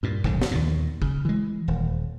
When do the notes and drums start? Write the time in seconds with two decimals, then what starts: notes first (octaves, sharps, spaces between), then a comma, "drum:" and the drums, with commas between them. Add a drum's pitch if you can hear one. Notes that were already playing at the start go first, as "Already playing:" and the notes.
0.03 G2 A#2
0.24 F1 A#1 G#2 D3, drum: kick
0.42 drum: snare
0.51 D#2 A#2
1.02 C#3, drum: kick
1.25 E3 G#3
1.68 D#1